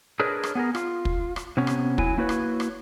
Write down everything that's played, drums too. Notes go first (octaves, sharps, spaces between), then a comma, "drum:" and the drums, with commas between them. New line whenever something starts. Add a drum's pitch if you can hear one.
D4 G#4 A#4 B4 C#5 D#5
drum: rim click
B3 G#4 A#4
F4, drum: rim click
drum: kick
drum: rim click
C3 B3 C#4
drum: rim click
F#3 E4 G#5, drum: kick
A#3 E4 F#4 B4 C#5
drum: rim click
drum: rim click